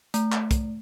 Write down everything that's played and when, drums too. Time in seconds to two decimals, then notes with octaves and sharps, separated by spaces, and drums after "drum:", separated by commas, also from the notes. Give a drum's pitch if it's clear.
0.14 A3, drum: hi-hat
0.32 drum: clap
0.51 drum: kick, hi-hat